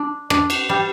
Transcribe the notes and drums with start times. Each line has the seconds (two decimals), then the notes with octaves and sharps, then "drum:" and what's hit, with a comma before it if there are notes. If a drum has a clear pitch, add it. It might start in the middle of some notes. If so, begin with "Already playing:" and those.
Already playing: D4
0.30 D4, drum: rim click
0.50 drum: cymbal
0.69 G3